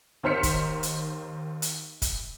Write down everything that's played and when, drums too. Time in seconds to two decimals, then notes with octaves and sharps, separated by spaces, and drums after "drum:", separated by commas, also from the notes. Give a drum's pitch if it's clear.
0.23 D#2 D#3 C5 F6 B6 C#7
0.43 drum: kick, hi-hat
0.83 drum: hi-hat
1.62 drum: hi-hat
2.02 drum: kick, hi-hat